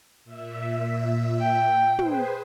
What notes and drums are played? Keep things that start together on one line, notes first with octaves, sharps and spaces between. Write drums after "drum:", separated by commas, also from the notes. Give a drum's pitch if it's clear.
A#2 E5
G5
G#4 B4 C5, drum: tom